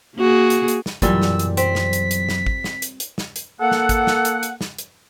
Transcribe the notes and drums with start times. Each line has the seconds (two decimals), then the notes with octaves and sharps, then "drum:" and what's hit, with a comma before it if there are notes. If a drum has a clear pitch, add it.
0.17 A#3 F#4 G#4
0.50 drum: hi-hat
0.68 drum: hi-hat
0.86 drum: snare
1.02 B1 F#2 A#2 E3 G3 E6, drum: kick, hi-hat
1.22 drum: snare
1.39 drum: hi-hat
1.57 C4 B6, drum: hi-hat
1.75 drum: snare
1.93 drum: hi-hat
2.11 drum: hi-hat
2.29 drum: snare
2.46 drum: kick
2.64 drum: snare
2.82 drum: hi-hat
3.00 drum: hi-hat
3.18 drum: snare
3.36 drum: hi-hat
3.61 A#3 A4 F#5
3.71 drum: snare
3.89 drum: kick, hi-hat
4.07 drum: snare
4.25 drum: hi-hat
4.43 drum: hi-hat
4.61 drum: snare
4.78 drum: hi-hat